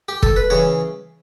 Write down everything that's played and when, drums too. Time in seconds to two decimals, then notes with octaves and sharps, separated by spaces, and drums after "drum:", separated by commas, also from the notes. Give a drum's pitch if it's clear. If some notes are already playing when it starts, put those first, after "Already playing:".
0.08 G4
0.23 A4, drum: kick
0.36 B4
0.50 C#3 E3 C#5